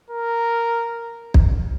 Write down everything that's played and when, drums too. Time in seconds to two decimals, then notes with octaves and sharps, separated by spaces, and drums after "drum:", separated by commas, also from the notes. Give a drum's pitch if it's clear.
0.10 A#4
1.34 drum: kick